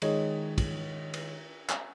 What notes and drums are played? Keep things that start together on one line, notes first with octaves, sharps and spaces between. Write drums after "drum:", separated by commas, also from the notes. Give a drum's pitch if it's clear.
D#3 G#3 C#5 D#5, drum: cymbal
drum: kick, cymbal
drum: cymbal
drum: clap